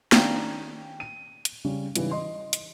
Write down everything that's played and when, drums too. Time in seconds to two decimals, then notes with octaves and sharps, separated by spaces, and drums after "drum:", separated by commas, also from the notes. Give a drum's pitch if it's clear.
0.12 D#3 C#4 D4 F5 G5 A#5, drum: snare
1.00 D#7
1.45 drum: hi-hat
1.65 C#3 G3 C#4
1.96 G#2 C#3 E3 G3, drum: hi-hat
2.11 D#5 C6
2.53 drum: hi-hat